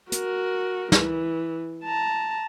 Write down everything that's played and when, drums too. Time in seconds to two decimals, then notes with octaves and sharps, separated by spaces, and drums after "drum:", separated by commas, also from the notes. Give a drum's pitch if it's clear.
0.12 F#4 A#4, drum: hi-hat
0.92 E3, drum: snare
1.84 A5 A#5